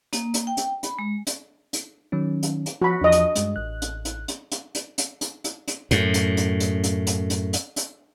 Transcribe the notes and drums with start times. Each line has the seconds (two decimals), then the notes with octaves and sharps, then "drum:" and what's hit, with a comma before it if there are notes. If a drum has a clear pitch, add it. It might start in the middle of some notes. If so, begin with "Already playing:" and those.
0.13 A#3, drum: hi-hat
0.34 drum: hi-hat
0.47 G5
0.57 drum: hi-hat
0.83 B5, drum: hi-hat
0.99 G#3
1.27 drum: hi-hat
1.73 drum: hi-hat
2.12 D#3 F#3 C#4
2.43 drum: hi-hat
2.66 drum: hi-hat
2.82 F3 F#4 B5
3.01 E2 F3 D4 D#5
3.12 drum: hi-hat
3.36 G2 G#3, drum: hi-hat
3.56 A1 F#6
3.82 drum: hi-hat
4.05 drum: hi-hat
4.28 drum: hi-hat
4.52 drum: hi-hat
4.75 drum: hi-hat
4.98 drum: hi-hat
5.21 drum: hi-hat
5.44 drum: hi-hat
5.68 drum: hi-hat
5.91 F#2 A2, drum: hi-hat
6.14 drum: hi-hat
6.37 drum: hi-hat
6.60 drum: hi-hat
6.84 drum: hi-hat
7.07 drum: hi-hat
7.30 drum: hi-hat
7.53 drum: hi-hat
7.76 drum: hi-hat